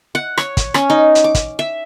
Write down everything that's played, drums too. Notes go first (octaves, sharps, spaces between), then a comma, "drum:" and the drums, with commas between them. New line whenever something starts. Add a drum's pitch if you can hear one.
F#5
C#5, drum: rim click
drum: kick, hi-hat
C#4, drum: rim click
D#4
drum: hi-hat
D6
drum: kick, hi-hat
E5